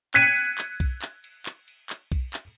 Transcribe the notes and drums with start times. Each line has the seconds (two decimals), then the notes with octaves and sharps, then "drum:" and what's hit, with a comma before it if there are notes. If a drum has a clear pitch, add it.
0.14 F#6 G#6 B6 C#7 D#7, drum: clap
0.36 drum: cymbal
0.58 drum: clap
0.80 drum: kick B1, cymbal
1.02 drum: clap
1.24 drum: cymbal
1.46 drum: clap
1.68 drum: cymbal
1.90 drum: clap
2.12 drum: kick B1, cymbal
2.34 drum: clap